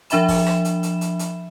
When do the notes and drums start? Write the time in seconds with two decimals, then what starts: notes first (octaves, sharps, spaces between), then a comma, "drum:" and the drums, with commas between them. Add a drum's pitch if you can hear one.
0.10 F3 D4 E5 B5 E7, drum: hi-hat
0.28 drum: kick, open hi-hat
0.46 drum: rim click
0.65 drum: hi-hat
0.83 drum: hi-hat
1.01 drum: hi-hat
1.19 drum: hi-hat